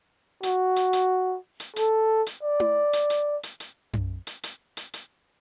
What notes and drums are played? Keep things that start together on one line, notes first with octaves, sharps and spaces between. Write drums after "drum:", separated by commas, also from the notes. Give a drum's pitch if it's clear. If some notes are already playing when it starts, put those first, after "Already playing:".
F#4, drum: hi-hat
drum: hi-hat
drum: hi-hat
drum: hi-hat
A4, drum: hi-hat
drum: hi-hat
D5
drum: tom E4
drum: hi-hat
drum: hi-hat
drum: hi-hat
drum: hi-hat
drum: tom F#2
drum: hi-hat
drum: hi-hat
drum: hi-hat
drum: hi-hat